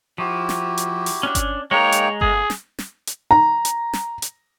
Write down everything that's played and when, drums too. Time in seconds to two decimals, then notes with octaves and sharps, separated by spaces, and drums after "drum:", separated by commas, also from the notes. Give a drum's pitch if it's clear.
0.18 F3 E4 F#4 G4
0.49 drum: snare
0.77 drum: hi-hat
1.06 drum: open hi-hat
1.23 C#4 D4
1.35 drum: kick G1, hi-hat
1.71 G#3 A#3 D#4 C#5 G5 A#5
1.92 drum: hi-hat
2.21 A3 B3 G#4, drum: kick G1
2.50 drum: snare
2.79 drum: snare
3.07 drum: hi-hat
3.31 A#5
3.65 drum: hi-hat
3.93 drum: snare
4.22 drum: hi-hat